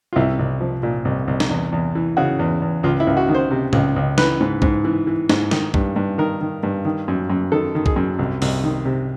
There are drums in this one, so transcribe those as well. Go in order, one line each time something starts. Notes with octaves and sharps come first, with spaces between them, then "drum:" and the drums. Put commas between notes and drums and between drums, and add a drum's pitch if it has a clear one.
F4
C2 E4
C2
F3
A#2
C2
C2
drum: snare
E2
E2
E3
C#3 F#4
E2
E2
C#2 F4
E4
C#2
F#4
D#3
C5
C3
C#2, drum: tom A2
C#2
E3 B4, drum: snare
G#2
G#2, drum: kick B1
E3
E3
G#2, drum: snare
D#3, drum: snare
G2, drum: kick B1
G2
D#3 A#4
D#3
G2
D#3
F#2
F#2
D#3 A4
D#3
G#4, drum: kick B1
F#2
C2
C2, drum: open hi-hat
D#3
C3